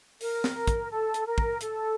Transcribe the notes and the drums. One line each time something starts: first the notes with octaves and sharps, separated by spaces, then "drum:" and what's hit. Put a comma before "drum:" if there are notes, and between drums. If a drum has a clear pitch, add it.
A#4, drum: open hi-hat
drum: snare
drum: kick, hi-hat
A4
drum: hi-hat
A#4
drum: kick
A4, drum: hi-hat